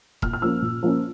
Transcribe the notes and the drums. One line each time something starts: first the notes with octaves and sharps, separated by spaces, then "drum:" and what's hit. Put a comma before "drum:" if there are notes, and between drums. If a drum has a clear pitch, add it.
A#2 F6, drum: kick E1
F6
F3 A#3 C#4 E6
A#2
F3 A#3 C#4